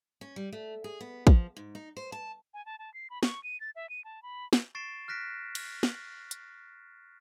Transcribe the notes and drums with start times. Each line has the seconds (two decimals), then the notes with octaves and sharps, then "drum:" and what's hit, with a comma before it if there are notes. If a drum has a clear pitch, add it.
0.21 C#4
0.36 G3
0.53 A3
0.84 G#4
1.01 B3
1.27 F3, drum: kick
1.57 G#2
1.75 D#4
1.97 C5
2.12 A5
2.54 G#5
2.66 A5
2.79 A5
2.94 C7
3.10 B5
3.23 C#6, drum: snare
3.44 D#7
3.60 A6
3.76 E5
3.89 D#7
4.05 A5
4.23 B5
4.53 drum: snare
4.75 C#6 A6 C7 D7 E7
5.08 F6 F#6 A#6 B6 D7
5.55 drum: cymbal
5.83 drum: snare
6.31 drum: hi-hat